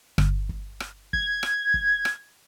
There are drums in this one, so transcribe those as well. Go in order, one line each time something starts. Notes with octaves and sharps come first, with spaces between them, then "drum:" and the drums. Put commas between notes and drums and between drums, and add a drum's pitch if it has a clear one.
G1, drum: rim click
drum: kick
drum: rim click
G#6, drum: kick
drum: rim click
drum: kick
drum: rim click